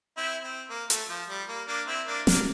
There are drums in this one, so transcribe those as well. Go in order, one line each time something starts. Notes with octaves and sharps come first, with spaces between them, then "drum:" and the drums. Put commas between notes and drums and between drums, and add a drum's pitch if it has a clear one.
C4 E4
C4
A#3
A3, drum: hi-hat
F3
G3
A#3
A#3 D4
C4 E4
A#3 D4
A#3 D4, drum: snare